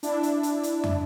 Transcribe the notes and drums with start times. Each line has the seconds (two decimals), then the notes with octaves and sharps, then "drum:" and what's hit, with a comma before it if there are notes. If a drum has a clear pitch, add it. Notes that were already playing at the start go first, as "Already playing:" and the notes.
0.03 D4 E4, drum: hi-hat
0.23 drum: hi-hat
0.43 drum: hi-hat
0.63 drum: hi-hat
0.84 drum: tom